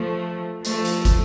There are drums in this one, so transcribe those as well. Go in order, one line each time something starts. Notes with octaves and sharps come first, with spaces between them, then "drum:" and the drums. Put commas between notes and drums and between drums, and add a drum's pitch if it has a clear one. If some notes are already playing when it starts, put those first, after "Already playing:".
Already playing: F3 A3
F3 A3, drum: hi-hat
drum: hi-hat
drum: kick, hi-hat